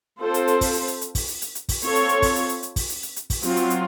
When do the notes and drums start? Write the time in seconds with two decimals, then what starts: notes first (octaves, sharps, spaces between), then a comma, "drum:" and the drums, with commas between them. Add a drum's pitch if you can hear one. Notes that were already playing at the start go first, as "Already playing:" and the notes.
0.21 C4 F4 A4 C5
0.34 drum: hi-hat
0.48 drum: hi-hat
0.61 drum: kick, open hi-hat
0.74 drum: hi-hat
0.88 drum: hi-hat
1.01 drum: hi-hat
1.15 drum: kick, open hi-hat
1.28 drum: hi-hat
1.42 drum: hi-hat
1.55 drum: hi-hat
1.69 drum: kick, open hi-hat
1.82 C4 F4 A4 C#5, drum: hi-hat
1.95 drum: hi-hat
2.09 drum: hi-hat
2.22 drum: kick, open hi-hat
2.36 drum: hi-hat
2.49 drum: hi-hat
2.63 drum: hi-hat
2.76 drum: kick, open hi-hat
2.90 drum: hi-hat
3.03 drum: hi-hat
3.16 drum: hi-hat
3.30 drum: kick, open hi-hat
3.43 F#3 C4 F4, drum: hi-hat
3.57 drum: hi-hat
3.70 drum: hi-hat